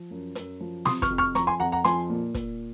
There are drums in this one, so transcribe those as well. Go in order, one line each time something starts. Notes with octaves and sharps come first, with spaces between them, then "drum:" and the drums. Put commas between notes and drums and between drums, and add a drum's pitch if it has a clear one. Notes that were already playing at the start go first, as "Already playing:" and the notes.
Already playing: F3
F#2
F#2, drum: hi-hat
F3
C3 C6 D#6, drum: snare
C#6 F6, drum: kick, hi-hat
F2
C#6 F6
F3 A#5 C#6, drum: hi-hat
G#5 C6
F2 F#5 A#5
F#5 A#5
F3 G#5 C6, drum: hi-hat
A#2
A#2, drum: kick, hi-hat